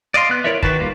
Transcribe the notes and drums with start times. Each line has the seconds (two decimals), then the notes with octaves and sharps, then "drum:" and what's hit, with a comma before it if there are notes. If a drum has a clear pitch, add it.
0.14 D5 D#5 F5 C6
0.29 B3 F#6
0.44 E4 A#4 C#5 D5 E5
0.63 D#3 F#4 B4 A5, drum: kick
0.80 G3 A#3 F4